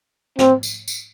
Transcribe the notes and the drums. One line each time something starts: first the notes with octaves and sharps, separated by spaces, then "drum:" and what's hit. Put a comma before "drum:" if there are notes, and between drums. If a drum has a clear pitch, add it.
C4, drum: snare
drum: tambourine
drum: tambourine